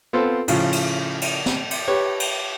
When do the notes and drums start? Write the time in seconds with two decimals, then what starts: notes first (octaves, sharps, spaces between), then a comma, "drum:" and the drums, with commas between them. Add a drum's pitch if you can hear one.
0.13 B3 C4 F4 A4 C5
0.48 A2 C#3 F3, drum: cymbal
0.72 drum: cymbal
1.21 drum: cymbal
1.46 drum: snare
1.71 drum: cymbal
1.88 G4 B4 C#5
2.20 drum: cymbal